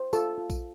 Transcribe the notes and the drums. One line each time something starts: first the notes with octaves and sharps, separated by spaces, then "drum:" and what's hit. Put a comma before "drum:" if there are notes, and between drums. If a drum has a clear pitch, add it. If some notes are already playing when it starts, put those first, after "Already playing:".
Already playing: C5
F4 A4 A5, drum: tambourine
F4
drum: kick A#1, tambourine